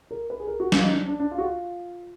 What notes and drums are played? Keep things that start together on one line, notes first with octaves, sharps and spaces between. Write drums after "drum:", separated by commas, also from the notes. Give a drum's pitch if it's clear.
A#4
B4
G#4
A#4
F#4
F4, drum: snare
D#4
D4
D4
D4
F4
F#4
F4